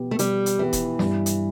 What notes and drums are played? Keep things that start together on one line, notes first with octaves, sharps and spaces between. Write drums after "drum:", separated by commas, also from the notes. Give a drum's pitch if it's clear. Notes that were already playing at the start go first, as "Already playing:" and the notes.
Already playing: B2 B3 G4
A3
B2 G3, drum: hi-hat
drum: hi-hat
E3 B3 G4
drum: kick E1, hi-hat
G2, drum: snare
drum: hi-hat